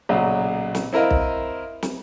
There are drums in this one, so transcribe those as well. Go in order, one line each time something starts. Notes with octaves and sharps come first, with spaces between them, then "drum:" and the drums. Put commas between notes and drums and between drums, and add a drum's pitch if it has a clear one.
B1 A#2 C#3 F#3
drum: snare
C4 E4 A#4 D#5 F5
drum: kick B1
drum: snare